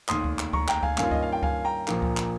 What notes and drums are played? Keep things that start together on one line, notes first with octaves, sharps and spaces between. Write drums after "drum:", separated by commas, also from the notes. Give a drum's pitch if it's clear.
F1 D#2 D#3 C6 D#6, drum: clap
drum: kick C#2
drum: clap
A#5 C#6, drum: kick C#2
G5 A#5, drum: clap
F5 G#5, drum: kick C#2
G2 D#3 A#3 C#4 F4 F5 G#5, drum: clap
D#5, drum: kick C#2
F5
G5
F5 G#5, drum: kick C#2
G5 A#5
A#1 A#2 F3 A#3, drum: clap
drum: kick C#2
drum: clap